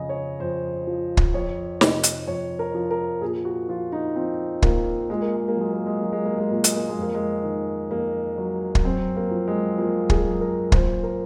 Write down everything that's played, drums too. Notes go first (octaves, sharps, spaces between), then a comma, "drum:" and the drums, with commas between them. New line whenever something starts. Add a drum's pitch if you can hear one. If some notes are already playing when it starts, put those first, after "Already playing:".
Already playing: F2 C#3 D#5
C#5
F2 C5
F3
drum: kick
F2 C#5
C3 D#5, drum: snare
drum: hi-hat
F2 C#5
A#4
F3
A#4
A#2 G#4
F#4
F3 F4
D#4
F3 C4
A#2 A#3, drum: kick
A#2 G#3
A#3
G#3
A#3
F#3 G#3
A#3
G#3
F#3 A#3
G#3
A#3
G#3
A#2 A#3
G#3, drum: hi-hat
A#3
G#3
F2 A#3
G#3
D#3
F2 A#3
F#3
drum: kick
F#2 C4
A#3
F3
G#3
F3 A#3
G#4, drum: kick
F#2
A#4
A#2 C5, drum: kick
A#4